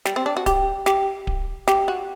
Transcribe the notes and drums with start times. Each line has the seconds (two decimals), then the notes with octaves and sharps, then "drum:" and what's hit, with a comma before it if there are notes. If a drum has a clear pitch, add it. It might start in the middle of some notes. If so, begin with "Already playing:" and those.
0.05 G3, drum: snare
0.16 C4
0.26 D4
0.37 F#4
0.46 G4, drum: kick D1, hi-hat
0.86 G4, drum: snare
1.27 drum: kick D1
1.68 G4, drum: snare
1.88 F#4